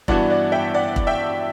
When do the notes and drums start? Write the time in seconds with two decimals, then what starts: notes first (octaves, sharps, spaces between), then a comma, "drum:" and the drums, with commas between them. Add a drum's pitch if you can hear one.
0.08 G2 E3 B3 D4 F#4 D5 F#5, drum: kick
0.30 D5 F#5
0.52 E5 G5
0.74 D5 F#5
0.96 drum: kick
1.07 E5 G5